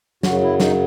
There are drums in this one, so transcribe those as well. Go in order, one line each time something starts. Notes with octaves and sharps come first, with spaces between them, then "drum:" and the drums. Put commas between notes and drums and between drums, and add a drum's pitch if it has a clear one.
F#2 C#3 F#3 F#4, drum: snare
E4
D#4, drum: snare